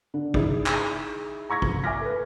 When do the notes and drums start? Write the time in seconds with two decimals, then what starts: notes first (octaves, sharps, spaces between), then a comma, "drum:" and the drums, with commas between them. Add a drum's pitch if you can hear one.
0.14 D3
0.34 D#4 E4 G#4, drum: kick
0.66 drum: clap
1.50 A#5 C#6 G#6 A#6
1.62 drum: kick
1.84 E5 G#5 D6 F6 A#6
2.01 A4 B4